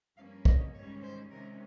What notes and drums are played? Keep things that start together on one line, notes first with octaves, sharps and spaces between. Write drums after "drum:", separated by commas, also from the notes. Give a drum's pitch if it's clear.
G2 F3 A#3 C#4 F5
D#5, drum: kick
G#2 D#3 G3 C#4 C#5
C5
C3 D#3 G#3 C#4 A#4